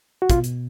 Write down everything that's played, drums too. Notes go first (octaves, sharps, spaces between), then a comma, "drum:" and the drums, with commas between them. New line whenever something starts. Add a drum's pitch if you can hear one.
F#4
B2 F4, drum: kick, hi-hat
drum: hi-hat